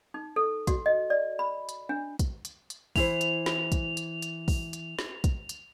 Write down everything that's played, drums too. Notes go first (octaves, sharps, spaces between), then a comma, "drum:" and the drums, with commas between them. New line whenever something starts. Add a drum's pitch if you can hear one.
D#4
A4
F#4, drum: kick, hi-hat
D#5
D5
B5
drum: hi-hat
D4
drum: kick, hi-hat
drum: hi-hat
drum: hi-hat
E3 E4 C5 F7, drum: kick, open hi-hat
drum: hi-hat
drum: snare
drum: kick, hi-hat
drum: hi-hat
drum: hi-hat
drum: kick, open hi-hat
drum: hi-hat
drum: snare
drum: kick, hi-hat
drum: hi-hat